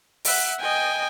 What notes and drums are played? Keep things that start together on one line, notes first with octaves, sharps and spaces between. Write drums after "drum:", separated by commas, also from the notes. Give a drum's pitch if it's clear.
E5 F#5, drum: open hi-hat
D#5 G5 G#5